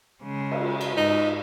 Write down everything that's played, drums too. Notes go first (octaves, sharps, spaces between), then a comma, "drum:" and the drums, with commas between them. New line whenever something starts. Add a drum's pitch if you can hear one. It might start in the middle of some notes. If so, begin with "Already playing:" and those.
C#3 G#3
drum: cymbal
drum: cymbal
G#2 D#4